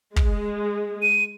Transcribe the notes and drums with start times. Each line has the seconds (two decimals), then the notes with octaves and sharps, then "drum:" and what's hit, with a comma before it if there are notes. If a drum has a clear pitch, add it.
0.16 G#3, drum: kick
1.02 D#7